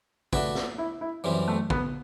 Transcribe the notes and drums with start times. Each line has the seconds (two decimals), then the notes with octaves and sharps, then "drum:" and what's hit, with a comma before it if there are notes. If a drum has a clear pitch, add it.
0.33 A3 D4 F#4 B4, drum: kick
0.55 drum: snare
0.78 E4
1.01 E4
1.24 F#2 E3 G3 C4
1.48 A3
1.70 B3, drum: kick